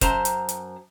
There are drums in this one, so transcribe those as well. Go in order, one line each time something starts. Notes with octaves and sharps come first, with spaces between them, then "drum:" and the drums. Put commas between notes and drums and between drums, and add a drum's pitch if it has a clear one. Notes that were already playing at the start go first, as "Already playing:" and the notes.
F#2 C5 A5 A#5, drum: kick, hi-hat
drum: hi-hat
drum: hi-hat